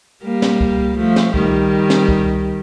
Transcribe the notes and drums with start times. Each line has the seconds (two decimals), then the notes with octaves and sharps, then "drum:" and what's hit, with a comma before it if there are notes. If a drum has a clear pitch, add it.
0.23 G3 A#3
0.42 drum: snare
0.61 drum: kick C#2
0.97 F3 A3
1.16 drum: snare
1.34 D#3 G3, drum: kick C#2
1.90 drum: snare
2.08 drum: kick C#2